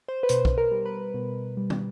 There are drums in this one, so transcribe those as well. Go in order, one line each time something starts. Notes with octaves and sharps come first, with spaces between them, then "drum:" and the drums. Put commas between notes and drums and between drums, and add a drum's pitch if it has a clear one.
C5
B4
B2 C5, drum: hi-hat
drum: kick
A#4
G3
B4
B2
G3
drum: tom